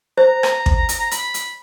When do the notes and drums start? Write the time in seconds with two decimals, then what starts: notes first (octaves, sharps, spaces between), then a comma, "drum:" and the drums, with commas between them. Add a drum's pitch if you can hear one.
0.18 C5 A#5
0.43 drum: rim click
0.66 drum: kick
0.89 drum: hi-hat
1.11 B5, drum: hi-hat
1.34 drum: hi-hat